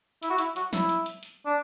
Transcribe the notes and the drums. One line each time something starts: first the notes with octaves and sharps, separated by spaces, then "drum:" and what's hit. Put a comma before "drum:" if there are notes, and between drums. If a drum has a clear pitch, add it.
E4, drum: hi-hat
F#4
E4, drum: hi-hat
F#4, drum: hi-hat
E4, drum: snare
drum: hi-hat
drum: hi-hat
drum: hi-hat
D4